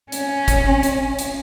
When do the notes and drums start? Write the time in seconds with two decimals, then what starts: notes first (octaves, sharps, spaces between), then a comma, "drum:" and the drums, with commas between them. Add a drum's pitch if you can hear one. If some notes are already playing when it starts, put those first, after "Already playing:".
0.12 C#4, drum: hi-hat
0.48 drum: kick, hi-hat
0.83 drum: hi-hat
1.19 drum: hi-hat